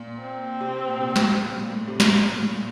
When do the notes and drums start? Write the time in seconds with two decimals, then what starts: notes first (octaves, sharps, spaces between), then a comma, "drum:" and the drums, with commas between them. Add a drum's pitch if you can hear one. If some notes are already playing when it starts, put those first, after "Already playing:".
Already playing: A#2
0.19 C4
0.61 C3
0.88 A#2
1.01 C3
1.08 A#2
1.16 A2, drum: snare
1.44 A#2
1.72 A2
1.88 C3
2.00 A#2, drum: snare
2.28 A2
2.40 A2
2.47 A#2